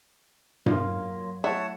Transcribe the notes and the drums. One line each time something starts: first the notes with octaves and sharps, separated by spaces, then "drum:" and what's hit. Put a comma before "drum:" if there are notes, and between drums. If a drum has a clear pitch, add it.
F#3 A#3 F4, drum: tom G2
A3 E4 C#5 F#5 A5